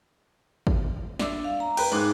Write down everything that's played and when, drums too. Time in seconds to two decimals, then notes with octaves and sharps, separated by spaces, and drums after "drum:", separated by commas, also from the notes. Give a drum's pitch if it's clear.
0.67 drum: kick G#1
1.19 D4 E5 D6, drum: snare
1.44 F5
1.60 A#5
1.77 B4 G5, drum: cymbal
1.92 G#2 D#4 C6 D6 F#6